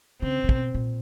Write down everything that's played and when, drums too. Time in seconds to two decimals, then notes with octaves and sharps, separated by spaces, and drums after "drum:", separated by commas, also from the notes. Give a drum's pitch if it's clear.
0.22 C#3 C4
0.44 C3
0.49 B2, drum: kick
0.74 A#2